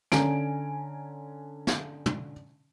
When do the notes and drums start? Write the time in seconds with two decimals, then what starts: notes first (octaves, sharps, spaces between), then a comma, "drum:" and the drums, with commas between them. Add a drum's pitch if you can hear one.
0.12 D3 C#4 G#5 A#5 D7, drum: snare
1.67 drum: snare
2.06 drum: tom